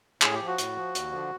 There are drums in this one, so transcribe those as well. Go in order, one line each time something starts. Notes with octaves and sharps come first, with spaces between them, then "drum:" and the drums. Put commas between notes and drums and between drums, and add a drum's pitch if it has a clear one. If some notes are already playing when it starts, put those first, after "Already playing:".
A2 G#4, drum: clap
G4
F3
F#4
A2, drum: hi-hat
F3
D#2, drum: hi-hat
D3 F3